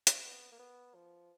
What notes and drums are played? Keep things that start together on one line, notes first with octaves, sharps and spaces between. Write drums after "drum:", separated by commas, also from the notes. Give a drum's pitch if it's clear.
drum: hi-hat
B3
A#3
B3
F3